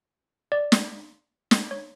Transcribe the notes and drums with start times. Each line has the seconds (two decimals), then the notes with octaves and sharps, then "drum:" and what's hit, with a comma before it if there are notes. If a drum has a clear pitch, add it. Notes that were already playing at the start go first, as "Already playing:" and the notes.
0.52 D5
0.72 drum: snare
1.51 drum: snare
1.71 C#5